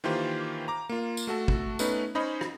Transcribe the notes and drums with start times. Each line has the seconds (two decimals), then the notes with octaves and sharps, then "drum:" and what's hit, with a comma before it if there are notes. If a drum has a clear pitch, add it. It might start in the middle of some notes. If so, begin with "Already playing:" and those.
0.04 D#3 E3 A#3 F4 G4 C5
0.68 A#5 D6
0.89 A#3 F4
1.17 drum: tambourine
1.27 A3 F#4 A4
1.48 drum: kick
1.79 A3 B3 C#4 D#4 B4, drum: tambourine
2.15 C#4 D#4 C5 C#5 D#5 B5
2.41 drum: rim click